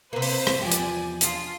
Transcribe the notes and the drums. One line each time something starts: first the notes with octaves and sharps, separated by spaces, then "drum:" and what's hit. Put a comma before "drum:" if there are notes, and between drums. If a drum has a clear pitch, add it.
C3 A#3 B4 C5 B6
drum: open hi-hat
drum: rim click
E2 F3 G4 D5 G#5
drum: hi-hat
D4 F4 G#4, drum: hi-hat